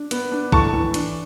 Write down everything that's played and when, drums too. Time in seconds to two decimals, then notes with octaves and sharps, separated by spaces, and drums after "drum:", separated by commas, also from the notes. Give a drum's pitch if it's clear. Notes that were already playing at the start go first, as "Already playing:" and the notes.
Already playing: D4
0.11 B3, drum: hi-hat
0.32 D4
0.52 A2 A5 C#6, drum: kick
0.73 E3
0.94 D4, drum: hi-hat